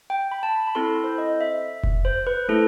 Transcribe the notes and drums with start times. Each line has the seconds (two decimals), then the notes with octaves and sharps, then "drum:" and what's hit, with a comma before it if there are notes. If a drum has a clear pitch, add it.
0.10 G5
0.32 B5
0.43 A5
0.55 B5
0.67 B5
0.75 C4 E4 A4 C6
1.04 C5
1.18 D#5
1.41 E5
1.84 drum: kick F1
2.05 C5
2.27 B4
2.49 A3 E4 A4